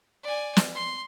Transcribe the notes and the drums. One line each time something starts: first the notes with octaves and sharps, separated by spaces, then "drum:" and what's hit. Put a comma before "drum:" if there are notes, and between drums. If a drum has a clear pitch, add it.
D5 G#5
drum: snare
C6